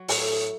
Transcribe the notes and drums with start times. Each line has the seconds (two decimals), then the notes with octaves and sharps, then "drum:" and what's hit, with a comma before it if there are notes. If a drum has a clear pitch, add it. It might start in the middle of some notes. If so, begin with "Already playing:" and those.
Already playing: F#3
0.08 A2, drum: open hi-hat